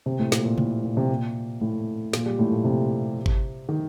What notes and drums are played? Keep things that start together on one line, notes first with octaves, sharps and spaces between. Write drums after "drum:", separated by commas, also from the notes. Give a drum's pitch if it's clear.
C3
A2
A#2, drum: snare
A#2
A2, drum: tom C3
A#2
C3
A#2
A2
A#2, drum: snare
G3
A2
A#2
C3
drum: kick G#1
D#3